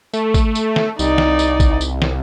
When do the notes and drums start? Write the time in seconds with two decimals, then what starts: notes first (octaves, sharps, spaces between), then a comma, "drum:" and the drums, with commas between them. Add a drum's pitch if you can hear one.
0.13 A3, drum: tambourine
0.34 drum: kick, tambourine
0.55 drum: tambourine
0.76 drum: snare
0.99 C2 D#4 D5, drum: tambourine
1.18 drum: snare
1.39 drum: tambourine
1.60 drum: kick, tambourine
1.81 drum: tambourine
2.02 drum: snare